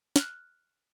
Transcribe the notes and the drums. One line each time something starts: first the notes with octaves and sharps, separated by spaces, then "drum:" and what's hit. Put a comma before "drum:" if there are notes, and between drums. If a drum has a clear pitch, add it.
F6 F#6, drum: snare